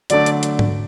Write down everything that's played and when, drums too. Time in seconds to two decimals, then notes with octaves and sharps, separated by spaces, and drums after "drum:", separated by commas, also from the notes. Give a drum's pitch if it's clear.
0.10 D3 F#3 A3 D4 D5, drum: hi-hat
0.26 drum: hi-hat
0.43 drum: hi-hat
0.59 drum: tom G#2